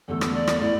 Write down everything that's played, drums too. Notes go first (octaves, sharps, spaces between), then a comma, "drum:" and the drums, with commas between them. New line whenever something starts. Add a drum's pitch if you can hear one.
E2 D3 A3 A4
drum: rim click
D5
drum: rim click
A2 A3 E4 D5